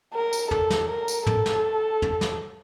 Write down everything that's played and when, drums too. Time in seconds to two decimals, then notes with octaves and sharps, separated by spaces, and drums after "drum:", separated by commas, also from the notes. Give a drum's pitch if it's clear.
0.14 A#4
0.33 drum: tambourine
0.51 A4, drum: tom
0.70 drum: snare
0.89 A#4
1.08 drum: tambourine
1.26 A4, drum: tom
1.46 drum: snare
2.02 drum: tom
2.21 drum: snare